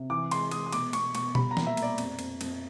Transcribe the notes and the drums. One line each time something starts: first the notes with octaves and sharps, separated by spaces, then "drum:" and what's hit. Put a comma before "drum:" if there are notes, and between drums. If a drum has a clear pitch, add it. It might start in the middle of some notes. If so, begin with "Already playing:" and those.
Already playing: C3
E3 D6
G#3 C6, drum: cymbal
G#3 D#6, drum: cymbal
D#6
B2 D6, drum: cymbal
B2 C#6, drum: cymbal
B2 C#6, drum: cymbal
G3 B5, drum: tom B2
A#5
A#2, drum: snare
E5
A#2 D5, drum: cymbal
F2, drum: cymbal
F2, drum: cymbal
F2, drum: cymbal